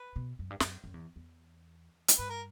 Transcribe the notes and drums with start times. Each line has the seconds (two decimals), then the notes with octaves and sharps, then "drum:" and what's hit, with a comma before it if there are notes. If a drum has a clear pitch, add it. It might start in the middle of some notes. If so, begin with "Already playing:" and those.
Already playing: B4
0.16 B2
0.39 F#2
0.50 G2
0.60 F#2, drum: snare
0.84 F#2
0.94 E2
1.16 E2
2.08 drum: hi-hat
2.18 G2 B4
2.30 A#4